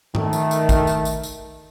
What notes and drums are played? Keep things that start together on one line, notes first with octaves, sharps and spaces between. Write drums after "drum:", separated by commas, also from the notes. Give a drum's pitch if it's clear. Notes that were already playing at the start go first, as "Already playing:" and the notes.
D#3 A3, drum: tom G#2
drum: tambourine
drum: tambourine
drum: kick A1, tambourine
drum: tambourine
drum: tambourine
drum: tambourine